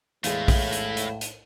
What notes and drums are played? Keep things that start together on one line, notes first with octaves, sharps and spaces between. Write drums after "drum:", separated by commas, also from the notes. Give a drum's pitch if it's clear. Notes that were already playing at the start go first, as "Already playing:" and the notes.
E2 A2 G#3 A3 E4 F5, drum: hi-hat
drum: kick A#1, open hi-hat
drum: hi-hat
drum: hi-hat
drum: hi-hat